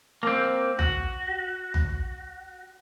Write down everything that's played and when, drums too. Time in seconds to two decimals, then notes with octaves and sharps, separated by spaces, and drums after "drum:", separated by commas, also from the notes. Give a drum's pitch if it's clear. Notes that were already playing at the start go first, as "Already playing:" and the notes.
0.23 A#3 C4
0.79 F#4, drum: tom
1.74 drum: tom